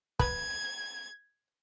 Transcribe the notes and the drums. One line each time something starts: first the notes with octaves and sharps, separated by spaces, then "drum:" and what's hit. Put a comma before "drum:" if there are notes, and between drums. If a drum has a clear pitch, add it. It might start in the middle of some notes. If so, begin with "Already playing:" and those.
B4 G#6, drum: kick